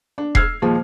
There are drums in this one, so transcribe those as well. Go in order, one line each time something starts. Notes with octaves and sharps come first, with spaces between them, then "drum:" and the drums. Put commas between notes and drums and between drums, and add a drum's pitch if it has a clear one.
D4
E6 F6 G#6 C7, drum: kick E1
D#2 A#2 F3 G#3